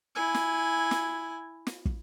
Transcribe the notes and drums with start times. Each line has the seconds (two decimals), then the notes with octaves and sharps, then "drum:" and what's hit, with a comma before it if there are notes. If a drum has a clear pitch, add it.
0.16 E4 G#5
0.34 drum: snare
0.91 drum: snare
1.67 drum: snare
1.85 drum: kick